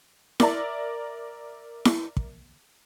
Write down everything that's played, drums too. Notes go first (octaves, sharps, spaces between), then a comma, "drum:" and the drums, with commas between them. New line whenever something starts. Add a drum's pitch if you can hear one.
A#4 D5 E5 A#5, drum: snare E4
drum: snare E4
drum: kick